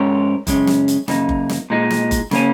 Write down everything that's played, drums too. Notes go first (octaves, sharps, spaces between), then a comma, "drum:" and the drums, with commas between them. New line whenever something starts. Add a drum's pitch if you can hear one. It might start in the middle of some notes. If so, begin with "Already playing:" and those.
Already playing: G#2 G#3 C#4 A#4 C#5
F#2 C#3 G#3 C#4, drum: kick F#1, hi-hat
drum: snare
drum: hi-hat
F#2 C#3 A#3 D#4, drum: snare
drum: kick F#1
drum: snare
A#2 G#3 D#4
drum: snare
drum: kick F#1, hi-hat
C#3 A#3 C#4, drum: snare